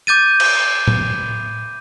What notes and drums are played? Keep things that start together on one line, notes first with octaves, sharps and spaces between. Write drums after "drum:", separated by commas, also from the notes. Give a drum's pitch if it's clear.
D6 G6 A6 D#7
drum: cymbal
drum: tom A2